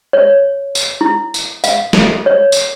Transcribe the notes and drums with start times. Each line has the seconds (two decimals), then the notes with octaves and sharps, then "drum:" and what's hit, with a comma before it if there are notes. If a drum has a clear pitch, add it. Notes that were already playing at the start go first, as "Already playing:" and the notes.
0.13 C#5
0.75 drum: tambourine
1.01 E4
1.34 drum: tambourine
1.64 F5, drum: tambourine
1.93 drum: snare
2.26 C#5
2.52 drum: tambourine